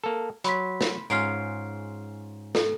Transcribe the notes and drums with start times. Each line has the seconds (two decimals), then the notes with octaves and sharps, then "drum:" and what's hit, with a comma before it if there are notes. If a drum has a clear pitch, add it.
0.04 A#3 A4
0.44 F#3 B5 C6 B6, drum: hi-hat
0.81 drum: snare
1.10 G#2 C#4 F4 F6 C7 D7, drum: tambourine
2.55 A4, drum: snare